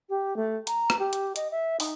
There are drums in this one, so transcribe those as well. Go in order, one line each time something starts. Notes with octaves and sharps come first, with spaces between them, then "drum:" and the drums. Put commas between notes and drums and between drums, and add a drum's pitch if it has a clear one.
G4
A3
A#5, drum: hi-hat
drum: rim click
G4
drum: hi-hat
D#5, drum: hi-hat
E5
D#4, drum: open hi-hat